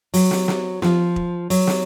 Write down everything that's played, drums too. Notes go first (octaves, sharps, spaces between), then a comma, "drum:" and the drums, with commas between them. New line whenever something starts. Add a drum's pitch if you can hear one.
F#3, drum: open hi-hat
drum: snare
drum: snare
F3, drum: snare
drum: kick E1
F#3, drum: open hi-hat
drum: snare